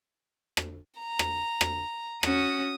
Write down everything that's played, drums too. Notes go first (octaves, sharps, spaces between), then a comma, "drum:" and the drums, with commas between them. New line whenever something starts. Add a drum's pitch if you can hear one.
drum: rim click
A#5
drum: rim click
drum: rim click
C#4 F#4 D#6, drum: rim click